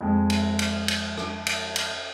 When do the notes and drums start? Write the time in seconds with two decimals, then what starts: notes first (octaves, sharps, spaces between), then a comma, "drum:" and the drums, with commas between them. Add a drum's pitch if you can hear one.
0.01 F2 G#3
0.30 drum: cymbal
0.59 drum: cymbal
0.88 drum: cymbal
1.17 drum: rim click
1.47 drum: cymbal
1.76 drum: cymbal